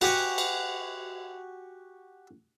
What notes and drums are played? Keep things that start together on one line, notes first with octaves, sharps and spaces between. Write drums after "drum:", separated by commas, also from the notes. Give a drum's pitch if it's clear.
F#4 G4 G#5 C#6, drum: cymbal
drum: cymbal